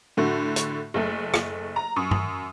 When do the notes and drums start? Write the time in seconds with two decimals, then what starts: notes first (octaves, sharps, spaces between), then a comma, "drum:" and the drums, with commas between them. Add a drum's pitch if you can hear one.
0.17 A2 D3 A3 F#4
0.56 drum: hi-hat
0.94 F#1 A3
1.34 drum: rim click
1.76 A#5
1.96 F#2 C#6 D#6
2.11 drum: tom G2